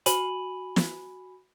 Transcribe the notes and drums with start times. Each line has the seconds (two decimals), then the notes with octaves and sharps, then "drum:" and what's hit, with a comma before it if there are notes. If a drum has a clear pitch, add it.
0.06 F#4 G#5 B5 D#7 F#7, drum: hi-hat
0.76 drum: snare